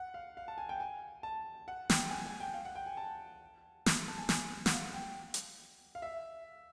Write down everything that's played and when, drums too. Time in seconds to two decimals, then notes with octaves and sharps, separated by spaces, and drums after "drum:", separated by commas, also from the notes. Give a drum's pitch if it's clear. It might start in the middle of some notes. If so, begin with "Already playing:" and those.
Already playing: F#5
0.14 F5
0.37 F5
0.48 A5
0.58 G#5
0.69 G5
0.80 G#5
1.23 A5
1.68 F#5
1.90 G5, drum: snare
2.10 G#5
2.25 G#5
2.40 G5
2.54 F5
2.65 F#5
2.75 G5
2.86 G#5
2.97 A5
3.86 drum: snare
4.08 A5
4.18 G#5
4.29 G#5, drum: snare
4.66 F#5, drum: snare
4.73 F5
4.83 F#5
4.93 G5
5.34 drum: hi-hat
5.95 F5
6.02 E5